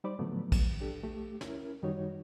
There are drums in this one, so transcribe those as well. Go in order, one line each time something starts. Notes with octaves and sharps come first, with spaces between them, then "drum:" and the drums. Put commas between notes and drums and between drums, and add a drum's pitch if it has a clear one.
G3 D#4 C5 D5 B5 D6
A2 D3 F3 F#3 A3 B3
drum: kick, cymbal
D4 G4 A4
A3 G4
C#4 E4 A#4, drum: snare
F#2 D#3 G3 D#4 F#4 C#5